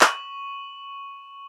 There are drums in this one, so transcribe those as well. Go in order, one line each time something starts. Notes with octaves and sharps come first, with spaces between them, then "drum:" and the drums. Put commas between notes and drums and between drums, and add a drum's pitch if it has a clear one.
C#6 D#7 F#7, drum: clap